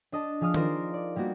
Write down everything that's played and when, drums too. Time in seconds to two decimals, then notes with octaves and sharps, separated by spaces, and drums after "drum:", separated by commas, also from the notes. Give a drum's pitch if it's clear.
0.12 D4 D#5 A5
0.41 F3 G#4 F5 D#6 F6
0.54 D#4 F4 A#4 C5 D5 D#5, drum: tom D#3
0.94 D5
1.16 G3 A#3 B3 F#4